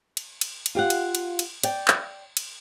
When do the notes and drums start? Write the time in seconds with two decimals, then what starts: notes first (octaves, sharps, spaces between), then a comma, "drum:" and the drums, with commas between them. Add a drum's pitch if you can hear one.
0.17 drum: cymbal
0.41 drum: cymbal
0.66 drum: cymbal
0.75 F4 G4 F5 F#5
0.90 drum: cymbal
1.15 drum: cymbal
1.39 drum: cymbal
1.63 D5 G5, drum: cymbal
1.88 drum: clap
2.37 drum: cymbal